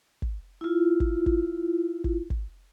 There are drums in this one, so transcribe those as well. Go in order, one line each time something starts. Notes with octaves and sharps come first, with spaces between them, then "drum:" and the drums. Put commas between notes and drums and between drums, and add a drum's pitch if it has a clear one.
drum: kick
E4 F4
drum: kick
drum: kick
drum: kick
drum: kick